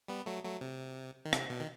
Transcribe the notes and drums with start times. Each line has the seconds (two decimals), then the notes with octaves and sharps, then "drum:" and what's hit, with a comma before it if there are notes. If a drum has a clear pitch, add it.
0.08 G3 B3
0.26 F#3 A3
0.44 F#3 A3
0.61 C3
1.25 D#3
1.33 C3, drum: rim click
1.50 B2
1.60 D#3